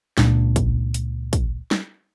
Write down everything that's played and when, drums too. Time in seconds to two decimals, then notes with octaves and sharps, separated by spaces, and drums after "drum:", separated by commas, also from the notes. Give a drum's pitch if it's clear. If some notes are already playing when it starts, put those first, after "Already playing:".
0.18 C#2 A#2 D4, drum: snare
0.56 drum: kick, hi-hat
0.94 drum: hi-hat
1.33 drum: kick, hi-hat
1.71 drum: snare